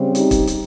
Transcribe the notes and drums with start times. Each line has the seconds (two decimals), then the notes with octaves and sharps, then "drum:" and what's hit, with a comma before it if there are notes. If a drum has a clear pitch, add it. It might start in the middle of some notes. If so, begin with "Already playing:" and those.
Already playing: C#3 G3 C4
0.15 D#4 G4, drum: hi-hat
0.31 drum: kick, hi-hat
0.47 drum: hi-hat